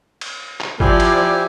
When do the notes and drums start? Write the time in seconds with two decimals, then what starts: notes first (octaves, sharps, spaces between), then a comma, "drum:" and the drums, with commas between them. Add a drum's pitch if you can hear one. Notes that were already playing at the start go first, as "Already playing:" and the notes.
0.21 drum: cymbal
0.61 drum: clap
0.80 F3 E4 G4 D5 G#5, drum: kick G#1
1.00 drum: cymbal